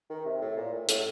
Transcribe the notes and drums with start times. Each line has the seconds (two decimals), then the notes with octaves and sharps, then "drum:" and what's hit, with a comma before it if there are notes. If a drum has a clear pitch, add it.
0.09 D#3
0.25 C3
0.41 A2
0.57 A#2
0.72 A2
0.89 A2, drum: hi-hat